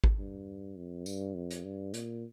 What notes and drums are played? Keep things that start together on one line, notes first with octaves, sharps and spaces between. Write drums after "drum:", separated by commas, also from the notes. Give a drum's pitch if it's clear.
drum: kick G#1
G2
F2
G2, drum: tambourine
F2
drum: hi-hat
G2
A#2, drum: hi-hat